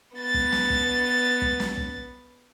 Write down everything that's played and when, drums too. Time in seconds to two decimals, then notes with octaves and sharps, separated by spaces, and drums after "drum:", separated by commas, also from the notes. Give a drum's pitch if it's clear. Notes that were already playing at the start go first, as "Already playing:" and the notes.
0.16 B3 A6
0.34 drum: kick
0.52 drum: snare
0.70 drum: kick
1.42 drum: kick
1.60 drum: snare
1.78 drum: kick